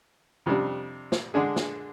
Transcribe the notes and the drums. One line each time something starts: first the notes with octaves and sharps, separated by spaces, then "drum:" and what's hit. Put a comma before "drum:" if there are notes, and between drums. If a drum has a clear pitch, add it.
F2 C3 G3 D4
drum: snare
D3 G#3 D4 G#4
drum: snare